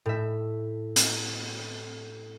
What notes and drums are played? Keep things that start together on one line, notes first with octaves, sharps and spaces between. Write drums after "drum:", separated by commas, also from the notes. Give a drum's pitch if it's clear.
A2 E5
drum: hi-hat